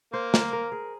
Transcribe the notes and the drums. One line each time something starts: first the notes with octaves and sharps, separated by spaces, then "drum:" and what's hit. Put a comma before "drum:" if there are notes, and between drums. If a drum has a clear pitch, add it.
A#3 C5
A#4, drum: snare
A#4
G#4